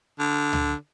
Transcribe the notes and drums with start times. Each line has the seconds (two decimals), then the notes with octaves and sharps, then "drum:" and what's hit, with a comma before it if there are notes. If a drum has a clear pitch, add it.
0.19 D3
0.53 drum: tom C#2